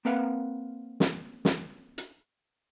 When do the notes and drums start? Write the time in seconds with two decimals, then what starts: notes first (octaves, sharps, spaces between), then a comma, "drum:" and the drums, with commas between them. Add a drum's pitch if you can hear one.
0.05 A#3 C4 A#4 B4 F5 F#5
1.00 drum: snare
1.45 drum: snare
1.98 drum: hi-hat